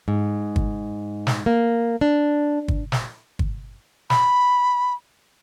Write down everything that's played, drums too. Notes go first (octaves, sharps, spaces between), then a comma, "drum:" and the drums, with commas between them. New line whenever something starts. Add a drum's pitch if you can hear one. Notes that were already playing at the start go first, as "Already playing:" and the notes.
G#2
drum: kick
drum: snare
A#3
D4
drum: kick
drum: snare
drum: kick
B5, drum: snare